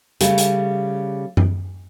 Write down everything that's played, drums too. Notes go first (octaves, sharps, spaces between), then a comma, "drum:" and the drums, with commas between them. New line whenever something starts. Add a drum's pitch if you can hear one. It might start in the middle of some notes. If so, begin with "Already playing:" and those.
C#3 G3 A3, drum: hi-hat
drum: hi-hat
drum: tom F#2